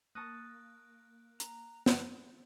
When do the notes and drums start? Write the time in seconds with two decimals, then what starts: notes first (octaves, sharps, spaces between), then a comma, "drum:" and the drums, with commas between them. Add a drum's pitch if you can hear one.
0.15 A#3 A5 C#6 D#6 F#6
1.40 A#5, drum: hi-hat
1.86 drum: snare